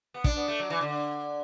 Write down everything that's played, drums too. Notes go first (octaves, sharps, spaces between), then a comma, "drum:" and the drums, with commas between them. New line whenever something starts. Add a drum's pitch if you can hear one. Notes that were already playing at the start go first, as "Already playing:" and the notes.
B3
D4, drum: kick
B3
A3
F#3
E3
D3